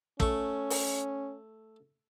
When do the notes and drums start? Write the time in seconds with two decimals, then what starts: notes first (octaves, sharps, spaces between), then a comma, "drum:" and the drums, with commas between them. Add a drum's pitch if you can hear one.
0.20 A3 C#4 C#6, drum: kick
0.70 drum: open hi-hat